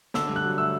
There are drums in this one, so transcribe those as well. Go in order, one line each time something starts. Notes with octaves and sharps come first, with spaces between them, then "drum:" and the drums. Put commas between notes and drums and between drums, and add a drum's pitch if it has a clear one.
D3 E6, drum: snare
G2
F#6
F#3
A3 E6